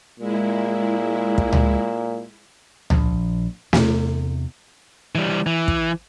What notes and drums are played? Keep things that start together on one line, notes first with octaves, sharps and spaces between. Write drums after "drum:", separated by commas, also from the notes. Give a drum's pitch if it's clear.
A#2 G#3 E4
drum: kick
drum: tom C#2
A#1, drum: tom C#2
E2 C3, drum: snare
E3 G3
E3
drum: kick